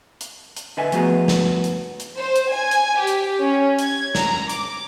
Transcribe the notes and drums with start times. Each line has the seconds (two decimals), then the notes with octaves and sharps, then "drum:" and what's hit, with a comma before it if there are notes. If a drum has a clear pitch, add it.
0.21 drum: hi-hat
0.57 drum: hi-hat
0.77 D3 B4 D#5 E5 G#5
0.92 F3 A3 B3 F#4 G#4 A#5, drum: hi-hat
1.28 drum: snare
1.64 drum: hi-hat
2.00 drum: hi-hat
2.17 C5
2.36 drum: hi-hat
2.52 G#5
2.71 drum: hi-hat
2.98 G4
3.07 drum: hi-hat
3.40 C#4
3.79 G#6, drum: hi-hat
4.15 A#5, drum: snare
4.49 D6, drum: hi-hat